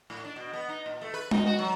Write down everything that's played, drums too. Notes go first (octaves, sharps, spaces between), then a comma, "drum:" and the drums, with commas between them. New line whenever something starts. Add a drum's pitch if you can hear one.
A2
D4
B2
B3
D#4
A#2
A3
B4
D#4, drum: tom
F#4
F#3